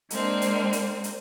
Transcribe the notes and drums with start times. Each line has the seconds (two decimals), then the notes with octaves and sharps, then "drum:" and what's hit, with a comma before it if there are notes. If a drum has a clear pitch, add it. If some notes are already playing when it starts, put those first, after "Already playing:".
0.10 G#3 A#3 C4 D4, drum: hi-hat
0.42 drum: hi-hat
0.73 drum: hi-hat
1.04 drum: hi-hat